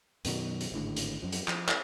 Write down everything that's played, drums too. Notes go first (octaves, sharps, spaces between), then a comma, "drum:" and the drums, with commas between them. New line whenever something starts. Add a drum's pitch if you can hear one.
F#2 B2 D#3 F#3, drum: hi-hat
drum: hi-hat
G#1 A2 D3
drum: hi-hat
F#2 F3
drum: hi-hat
F3, drum: clap
drum: clap